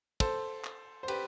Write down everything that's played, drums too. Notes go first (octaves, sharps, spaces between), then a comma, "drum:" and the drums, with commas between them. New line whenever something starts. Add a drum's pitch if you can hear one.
A4 C5, drum: kick, cymbal
drum: clap
C5
G4 B4, drum: cymbal